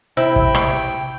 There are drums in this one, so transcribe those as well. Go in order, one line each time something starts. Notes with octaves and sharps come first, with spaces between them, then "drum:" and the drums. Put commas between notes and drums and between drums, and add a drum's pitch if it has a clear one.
C3 E4 C5 E5 G5 E6
drum: kick
drum: rim click